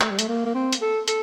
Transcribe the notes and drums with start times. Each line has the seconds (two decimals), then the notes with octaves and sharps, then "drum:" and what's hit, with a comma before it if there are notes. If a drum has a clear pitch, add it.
0.01 A3, drum: clap
0.10 G3
0.19 A3, drum: hi-hat
0.29 A#3
0.45 A#3
0.54 C4
0.73 drum: hi-hat
0.82 A4
1.08 A4, drum: hi-hat